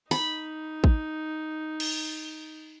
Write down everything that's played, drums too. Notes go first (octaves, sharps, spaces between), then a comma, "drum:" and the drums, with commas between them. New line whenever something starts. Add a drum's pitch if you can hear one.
D#4 B5, drum: open hi-hat
drum: kick
drum: cymbal